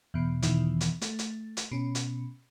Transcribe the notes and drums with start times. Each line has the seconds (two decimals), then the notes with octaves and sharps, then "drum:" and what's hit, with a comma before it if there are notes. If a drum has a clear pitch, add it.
0.14 E2 B2
0.42 E2 B2 D#3 E3, drum: hi-hat
0.81 drum: hi-hat
1.01 A3, drum: hi-hat
1.19 drum: hi-hat
1.57 drum: hi-hat
1.72 B2 C#4
1.95 drum: hi-hat